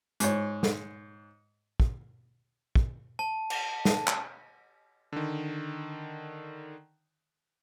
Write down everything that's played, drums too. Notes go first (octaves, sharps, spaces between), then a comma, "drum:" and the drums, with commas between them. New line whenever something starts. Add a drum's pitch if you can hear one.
G#2 C#5, drum: hi-hat
drum: snare
drum: kick
drum: kick
A5
drum: cymbal
A5, drum: snare
drum: clap
D3 D#3